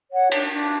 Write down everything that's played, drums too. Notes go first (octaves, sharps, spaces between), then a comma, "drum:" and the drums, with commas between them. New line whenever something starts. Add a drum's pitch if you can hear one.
C#5 F#5
D4, drum: cymbal
D4